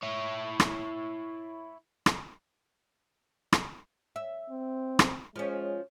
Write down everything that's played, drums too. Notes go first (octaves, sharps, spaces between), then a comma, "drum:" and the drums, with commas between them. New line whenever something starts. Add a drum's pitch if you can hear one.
E4 C#5
drum: rim click
drum: rim click
drum: rim click
E5
C4
drum: rim click
F3 G#3 C#4